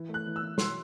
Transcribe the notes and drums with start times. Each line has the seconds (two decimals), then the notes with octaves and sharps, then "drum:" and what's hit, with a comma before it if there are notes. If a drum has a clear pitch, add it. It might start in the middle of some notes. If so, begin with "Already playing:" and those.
Already playing: E3
0.09 A3
0.14 F#6
0.26 E3
0.36 E6
0.42 E3
0.58 F#3 C6, drum: snare